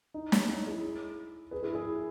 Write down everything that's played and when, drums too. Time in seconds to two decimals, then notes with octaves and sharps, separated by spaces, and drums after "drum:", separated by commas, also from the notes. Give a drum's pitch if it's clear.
0.14 D#4
0.32 C#4, drum: snare
0.49 D#4
0.66 E4 G#4
1.51 G#4 B4
1.63 E4 G#4
1.75 E4 G#4